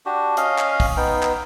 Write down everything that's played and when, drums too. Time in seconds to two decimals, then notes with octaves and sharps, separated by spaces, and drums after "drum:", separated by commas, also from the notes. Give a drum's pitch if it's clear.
0.06 D4 F#4 G4
0.37 C#4 D#5 F5, drum: hi-hat
0.58 drum: clap
0.80 drum: kick, open hi-hat
0.97 B3 D#4 G5
1.23 drum: clap